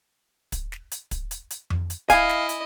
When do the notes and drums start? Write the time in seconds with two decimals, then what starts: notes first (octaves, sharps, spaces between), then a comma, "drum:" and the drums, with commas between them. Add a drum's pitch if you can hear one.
0.52 drum: kick, hi-hat
0.72 drum: snare
0.92 drum: hi-hat
1.11 drum: kick, hi-hat
1.31 drum: hi-hat
1.51 drum: hi-hat
1.70 drum: tom F2
1.90 drum: hi-hat
2.10 E4 D#5 F5 G#5, drum: kick, hi-hat
2.29 drum: snare
2.49 drum: hi-hat